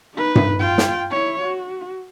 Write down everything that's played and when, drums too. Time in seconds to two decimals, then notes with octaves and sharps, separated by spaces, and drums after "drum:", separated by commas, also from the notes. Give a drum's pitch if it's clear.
0.14 D#4 B4
0.35 drum: tom G2
0.59 F4 G5
0.78 drum: snare
1.11 E4 C#5
1.42 F#4